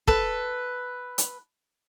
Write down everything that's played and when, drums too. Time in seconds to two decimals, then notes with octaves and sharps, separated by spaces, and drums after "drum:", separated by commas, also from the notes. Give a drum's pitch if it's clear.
0.07 A4 B4, drum: kick
1.18 drum: hi-hat